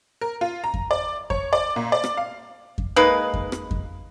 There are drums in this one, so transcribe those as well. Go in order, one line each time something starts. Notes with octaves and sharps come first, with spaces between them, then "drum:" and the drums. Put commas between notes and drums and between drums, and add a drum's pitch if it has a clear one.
A#4
F4
A#5
drum: kick F2
D5
C#5, drum: kick F2
D5
A#2
D5
drum: rim click
F5
drum: kick F2
G#3 A#3 D#4 B4
drum: kick F2
drum: rim click
drum: kick F2